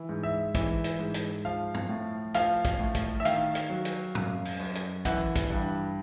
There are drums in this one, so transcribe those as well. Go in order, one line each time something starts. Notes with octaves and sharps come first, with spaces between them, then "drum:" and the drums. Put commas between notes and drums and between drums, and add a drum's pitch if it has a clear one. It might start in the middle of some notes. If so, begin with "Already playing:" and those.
Already playing: E3
G#2
E5
E3, drum: kick, hi-hat
drum: hi-hat
G#2
drum: hi-hat
F3 F5
drum: tom G2
A2
F3 F5, drum: hi-hat
drum: kick, hi-hat
A2
drum: kick, hi-hat
E5
D#3 F5, drum: hi-hat
drum: hi-hat
F#3
drum: hi-hat
F#2, drum: tom
drum: open hi-hat
F#2
drum: hi-hat
E3 F#5, drum: kick, hi-hat
drum: kick, hi-hat
G2